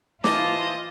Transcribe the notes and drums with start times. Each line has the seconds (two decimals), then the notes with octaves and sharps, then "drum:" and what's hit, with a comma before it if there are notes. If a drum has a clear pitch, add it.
0.24 E3 F4 C5 D#5 A5 D6, drum: snare